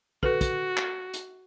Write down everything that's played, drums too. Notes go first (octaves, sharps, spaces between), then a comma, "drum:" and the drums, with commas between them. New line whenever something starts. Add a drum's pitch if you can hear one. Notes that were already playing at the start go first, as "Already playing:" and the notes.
F#4 A4 B4, drum: kick
drum: kick, hi-hat
drum: clap
drum: hi-hat